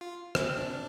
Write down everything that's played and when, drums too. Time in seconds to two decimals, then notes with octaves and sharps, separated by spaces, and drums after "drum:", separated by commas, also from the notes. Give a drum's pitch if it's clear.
0.01 F4
0.35 A#3, drum: rim click
0.44 C4
0.57 D4